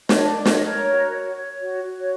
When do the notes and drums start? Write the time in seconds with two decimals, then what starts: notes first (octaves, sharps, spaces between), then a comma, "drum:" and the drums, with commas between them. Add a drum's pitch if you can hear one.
0.09 C#5 D#5, drum: snare
0.15 D4
0.28 D5
0.40 A4
0.45 C#5 D#5, drum: snare
0.65 A#4 C#5
0.88 F#4
1.12 C#5
1.36 C#5
1.61 F#4
1.84 F#4
2.00 C#5